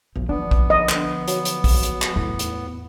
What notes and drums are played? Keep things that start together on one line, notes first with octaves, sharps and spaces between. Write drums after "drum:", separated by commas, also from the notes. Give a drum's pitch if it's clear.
B1 F3
D3 F3 B3 D4
drum: kick
D#5
drum: clap
F#3, drum: hi-hat
drum: hi-hat
drum: kick, open hi-hat
drum: hi-hat
drum: clap
E2 A2
drum: hi-hat